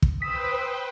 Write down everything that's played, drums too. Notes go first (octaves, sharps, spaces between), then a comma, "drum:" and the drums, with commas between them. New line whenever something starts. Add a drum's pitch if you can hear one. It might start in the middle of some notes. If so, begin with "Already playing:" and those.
drum: kick
B4 C5 G5 D#6 E6 B6